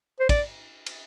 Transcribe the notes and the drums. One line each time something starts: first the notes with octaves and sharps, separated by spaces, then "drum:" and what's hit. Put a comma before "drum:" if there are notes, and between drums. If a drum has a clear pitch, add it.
C5
D5, drum: kick, cymbal
drum: cymbal